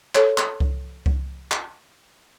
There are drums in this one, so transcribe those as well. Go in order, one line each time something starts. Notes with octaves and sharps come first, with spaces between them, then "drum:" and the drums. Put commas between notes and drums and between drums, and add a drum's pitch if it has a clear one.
A4 C#5, drum: clap
drum: clap
drum: kick C2
drum: kick C2
drum: clap